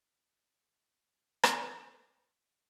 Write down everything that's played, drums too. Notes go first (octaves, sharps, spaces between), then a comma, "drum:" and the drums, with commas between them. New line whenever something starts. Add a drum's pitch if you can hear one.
B4
D5
D5
B4
A#4
G#4
A#4
G#4
drum: rim click
A#4
B4
A#4
B4
D#5
D5
A#4